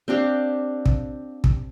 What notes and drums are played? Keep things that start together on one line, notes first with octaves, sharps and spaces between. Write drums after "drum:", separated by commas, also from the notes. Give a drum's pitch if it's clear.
C4 D4 G4 F5
drum: kick
drum: kick